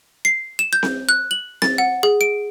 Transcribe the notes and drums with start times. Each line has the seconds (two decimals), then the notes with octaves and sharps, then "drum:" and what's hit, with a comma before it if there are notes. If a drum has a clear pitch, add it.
0.25 C7
0.59 E7
0.73 G6
0.83 drum: snare C4
1.09 F#6
1.31 F#7
1.62 A6, drum: snare C4
1.78 F#5
2.03 G#4
2.21 D7